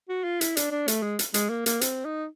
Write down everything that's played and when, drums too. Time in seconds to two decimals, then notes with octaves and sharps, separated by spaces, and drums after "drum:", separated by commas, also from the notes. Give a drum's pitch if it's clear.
0.09 F#4
0.24 F4
0.41 E4, drum: hi-hat
0.57 D4, drum: hi-hat
0.71 D4
0.88 A3, drum: hi-hat
1.03 G#3
1.19 drum: hi-hat
1.34 G#3, drum: hi-hat
1.50 A#3
1.66 A#3, drum: hi-hat
1.81 C4, drum: hi-hat
2.05 D#4